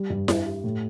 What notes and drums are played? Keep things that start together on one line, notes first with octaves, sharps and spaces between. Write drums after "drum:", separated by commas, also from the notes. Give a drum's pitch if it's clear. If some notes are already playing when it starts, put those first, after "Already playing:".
Already playing: G3
G2
G2, drum: snare E4
G4
A2